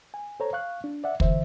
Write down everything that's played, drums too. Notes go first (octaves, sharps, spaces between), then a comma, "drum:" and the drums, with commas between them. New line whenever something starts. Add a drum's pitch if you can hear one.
G#5
A4 C5 C#5 A#5
F5 C#6 F#6
D4
D5 E5 F#5
D3 E3 C5 E5, drum: kick